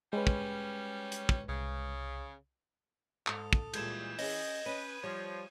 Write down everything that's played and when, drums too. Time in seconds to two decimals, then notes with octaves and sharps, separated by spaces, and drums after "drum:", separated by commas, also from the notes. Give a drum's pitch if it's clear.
0.13 G3 G#3 C#4 B4
0.27 drum: kick
1.12 drum: hi-hat
1.29 drum: kick
1.48 C2 C#3
3.27 G#2 A4 D#6, drum: clap
3.53 drum: kick
3.74 A#2 E3 G3 G#3 G6 G#6 E7, drum: cymbal
4.19 C#4 G#4 D#5, drum: open hi-hat
4.66 C#4 B4 D#7
5.04 F3 G3 C#5